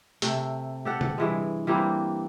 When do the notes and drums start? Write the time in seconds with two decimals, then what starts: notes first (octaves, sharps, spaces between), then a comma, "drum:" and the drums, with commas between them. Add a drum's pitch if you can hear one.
0.22 C3 A3, drum: hi-hat
0.85 G4 A4 F#5
1.01 drum: tom B2
1.18 G2 E3 G#3
1.67 E3 G3 A#3 C4